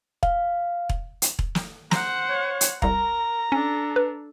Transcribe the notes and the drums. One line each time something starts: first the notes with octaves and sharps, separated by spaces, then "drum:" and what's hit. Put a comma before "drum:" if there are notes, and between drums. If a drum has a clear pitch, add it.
F5, drum: kick E1
drum: kick E1
drum: hi-hat
drum: kick E1
drum: snare
C5 F#5 A#5 A#6, drum: snare
C#5
drum: hi-hat
C2 A#4 F5 A#5, drum: kick E1
C#4 D4 A4
B4